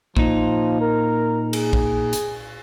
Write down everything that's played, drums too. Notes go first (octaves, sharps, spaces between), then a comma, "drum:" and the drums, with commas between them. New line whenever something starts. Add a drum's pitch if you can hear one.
A#2 F3 D#4, drum: kick A#1
A#4
G#4, drum: cymbal
drum: kick A#1
drum: hi-hat